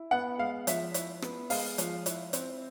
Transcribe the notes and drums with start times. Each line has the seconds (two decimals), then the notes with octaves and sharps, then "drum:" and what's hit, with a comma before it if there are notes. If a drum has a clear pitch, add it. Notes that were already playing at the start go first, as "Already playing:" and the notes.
Already playing: E4
0.11 B3 F#5
0.38 G#3 F5
0.67 F3 E5, drum: hi-hat
0.94 E4, drum: hi-hat
1.22 B3, drum: rim click
1.50 G#3 F5, drum: open hi-hat
1.78 F3, drum: hi-hat
2.06 E4, drum: hi-hat
2.33 C4, drum: hi-hat